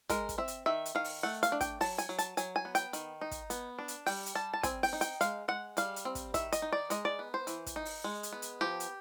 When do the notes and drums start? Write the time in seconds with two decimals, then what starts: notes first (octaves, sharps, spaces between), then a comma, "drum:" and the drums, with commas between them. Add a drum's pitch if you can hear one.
0.09 G#3 A#4, drum: kick, hi-hat
0.29 drum: kick, hi-hat
0.38 C4 E5
0.48 drum: hi-hat
0.66 D#3 E5
0.85 drum: hi-hat
0.95 D#3 F5
1.04 drum: open hi-hat
1.23 A3 F#5
1.43 F5, drum: hi-hat
1.52 D4
1.61 G5, drum: kick, hi-hat
1.81 F#3 A5, drum: open hi-hat
1.98 G#5, drum: hi-hat
2.09 F#3
2.19 A5, drum: hi-hat
2.37 F#3 G#5, drum: hi-hat
2.56 G#5
2.65 B3
2.75 G5, drum: hi-hat
2.93 D#3, drum: hi-hat
3.21 D#4
3.31 drum: kick, hi-hat
3.50 B3, drum: hi-hat
3.79 D4
3.88 drum: hi-hat
4.06 G3 G5, drum: open hi-hat
4.26 drum: hi-hat
4.35 G3 A5
4.53 A5
4.63 C4 G#5, drum: kick, hi-hat
4.83 G5, drum: open hi-hat
4.93 D#4
5.01 G5, drum: hi-hat
5.21 G#3 F5, drum: hi-hat
5.48 G#3 F#5
5.77 G3 F5, drum: hi-hat
5.96 drum: hi-hat
6.05 C4
6.15 drum: kick, hi-hat
6.34 D#3 E5, drum: kick, hi-hat
6.52 D#5, drum: hi-hat
6.62 D#4
6.72 D5
6.90 G#3 D#5, drum: hi-hat
7.05 D5
7.19 B3
7.34 C5
7.47 E3, drum: hi-hat
7.66 drum: kick, hi-hat
7.76 D#4
7.85 drum: open hi-hat
8.04 G#3
8.23 drum: hi-hat
8.33 B3
8.42 drum: hi-hat
8.61 F3 G4
8.80 drum: hi-hat